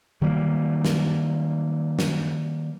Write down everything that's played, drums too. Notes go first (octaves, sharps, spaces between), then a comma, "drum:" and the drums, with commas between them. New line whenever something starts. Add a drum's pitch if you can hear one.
D#3 F#3 G3 A#3
drum: snare
drum: snare